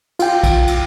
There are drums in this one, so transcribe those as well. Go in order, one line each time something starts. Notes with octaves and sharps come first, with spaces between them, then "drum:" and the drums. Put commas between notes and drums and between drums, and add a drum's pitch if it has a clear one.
F4 G5, drum: cymbal
drum: kick A#1, cymbal
drum: cymbal